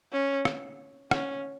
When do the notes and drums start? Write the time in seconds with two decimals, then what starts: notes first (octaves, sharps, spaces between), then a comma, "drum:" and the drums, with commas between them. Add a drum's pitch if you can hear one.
0.12 C#4
0.45 drum: rim click
1.11 C#4, drum: rim click